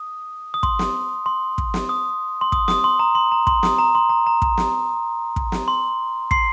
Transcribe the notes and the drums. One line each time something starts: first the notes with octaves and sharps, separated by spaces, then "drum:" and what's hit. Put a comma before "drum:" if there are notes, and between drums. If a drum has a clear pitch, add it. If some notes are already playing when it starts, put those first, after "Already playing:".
Already playing: D#6
D#6
C6, drum: kick
drum: snare
C6
drum: kick
drum: snare
D#6
C6
D#6, drum: kick
D#6, drum: snare
C6
A#5
C6
A#5
C6, drum: kick
D#6, drum: snare
A#5
C6
A#5
A#5
drum: kick
drum: snare
drum: kick
drum: snare
C6
C6 C7, drum: kick